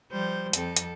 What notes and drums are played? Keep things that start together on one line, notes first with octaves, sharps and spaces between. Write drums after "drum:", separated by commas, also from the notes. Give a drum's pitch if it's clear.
F3 G3 C5
F2 C4 A4, drum: hi-hat
drum: hi-hat